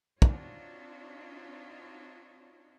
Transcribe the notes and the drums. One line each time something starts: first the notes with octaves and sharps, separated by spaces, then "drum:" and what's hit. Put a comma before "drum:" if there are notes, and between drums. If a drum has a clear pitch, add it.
C4 D4 D#4 F4 F#4 C#5, drum: kick